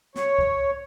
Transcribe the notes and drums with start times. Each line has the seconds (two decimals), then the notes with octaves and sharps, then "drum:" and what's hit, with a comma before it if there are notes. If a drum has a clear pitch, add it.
0.15 C#5, drum: snare
0.39 drum: kick C2